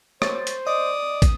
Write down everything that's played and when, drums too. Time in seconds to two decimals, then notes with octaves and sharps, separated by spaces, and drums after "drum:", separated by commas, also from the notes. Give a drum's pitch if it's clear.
0.22 C5 C#5 A6, drum: rim click
0.47 drum: hi-hat
0.67 D5 D#5 D#6
1.22 drum: kick, hi-hat